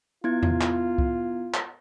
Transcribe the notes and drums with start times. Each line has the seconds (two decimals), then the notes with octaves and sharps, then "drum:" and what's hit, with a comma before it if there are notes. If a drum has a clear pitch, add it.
0.24 B3 E4 F4 G#6
0.43 drum: tom E2
0.61 drum: clap
0.98 drum: kick C2
1.54 drum: clap